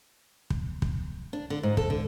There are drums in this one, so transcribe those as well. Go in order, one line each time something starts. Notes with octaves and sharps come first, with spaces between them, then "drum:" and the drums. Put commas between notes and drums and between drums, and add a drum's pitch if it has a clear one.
drum: kick
drum: kick
D4
D3
G#2
A4, drum: kick
D3